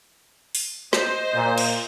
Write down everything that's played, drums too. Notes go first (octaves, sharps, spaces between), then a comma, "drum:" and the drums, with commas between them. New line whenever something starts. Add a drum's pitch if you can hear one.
drum: open hi-hat
C5 D#5, drum: snare
A#2
drum: cymbal